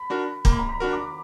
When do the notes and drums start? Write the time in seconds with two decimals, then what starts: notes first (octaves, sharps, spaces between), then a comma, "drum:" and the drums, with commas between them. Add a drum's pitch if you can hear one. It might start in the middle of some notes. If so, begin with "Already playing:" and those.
Already playing: B5
0.10 D4 F#4 A#4
0.45 A#3 A#5, drum: kick
0.52 B5
0.59 A#5
0.69 B5
0.80 D4 F#4 A#4
0.92 D6